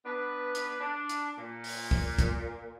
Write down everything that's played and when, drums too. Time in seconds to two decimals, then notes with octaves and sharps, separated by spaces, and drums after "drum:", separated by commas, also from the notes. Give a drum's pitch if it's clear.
0.05 B3 D4 B4
0.55 drum: hi-hat
0.80 D4
1.09 drum: hi-hat
1.37 A#2
1.64 drum: open hi-hat
1.91 drum: kick
2.19 drum: kick, hi-hat